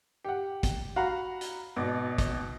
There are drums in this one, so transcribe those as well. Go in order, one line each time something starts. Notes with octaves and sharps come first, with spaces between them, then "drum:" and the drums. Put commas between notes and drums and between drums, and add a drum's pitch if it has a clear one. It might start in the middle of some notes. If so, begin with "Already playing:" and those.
G4 F#5
drum: kick, hi-hat
F#4 F5 F#5 A#5 B5
drum: hi-hat
G#1 B2 D6
drum: kick, hi-hat